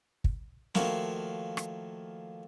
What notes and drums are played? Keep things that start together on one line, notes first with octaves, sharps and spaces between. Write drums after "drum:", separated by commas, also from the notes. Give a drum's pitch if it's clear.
drum: kick
D#3 F3 A3 A#3 F#4 C#5, drum: snare
drum: rim click